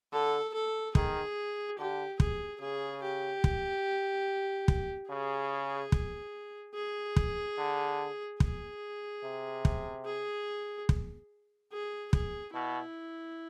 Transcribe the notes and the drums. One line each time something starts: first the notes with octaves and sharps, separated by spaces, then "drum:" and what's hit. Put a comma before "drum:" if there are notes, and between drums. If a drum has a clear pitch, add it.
D3 A4
A4
D#3 G#4, drum: kick
D3 G4
G#4, drum: kick
C#3 G#4
G4
drum: kick
drum: kick
C#3 G#4
drum: kick
G#4
drum: kick
D3
G#4, drum: kick
C3
drum: kick
G#4
drum: kick
G#4
G#4, drum: kick
B2 E4